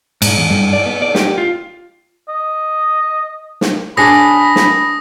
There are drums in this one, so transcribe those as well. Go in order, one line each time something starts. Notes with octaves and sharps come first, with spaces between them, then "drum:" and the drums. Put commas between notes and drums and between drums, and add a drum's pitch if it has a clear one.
G#2, drum: cymbal
E2
G2
D5
B3
D5
G4, drum: snare
F4
D#5
drum: snare
D4 G#4 C#5 B5 D#6 A#6
drum: snare